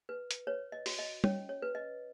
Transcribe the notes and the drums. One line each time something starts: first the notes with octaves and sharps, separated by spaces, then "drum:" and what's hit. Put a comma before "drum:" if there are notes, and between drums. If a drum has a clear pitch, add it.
B4
drum: hi-hat
B4 C#5
D#5
F#4, drum: open hi-hat
D#5
C#4 C#5, drum: tom
C#5
B4
D#5